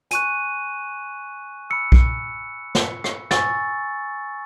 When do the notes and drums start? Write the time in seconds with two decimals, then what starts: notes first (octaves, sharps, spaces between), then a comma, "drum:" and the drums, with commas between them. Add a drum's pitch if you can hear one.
0.11 G#5 C#6 F#6 D#7, drum: hi-hat
1.70 B5 E6 C#7
1.92 drum: kick B1
2.75 drum: snare
3.04 drum: rim click
3.31 G#5 C#6 E6 A6, drum: snare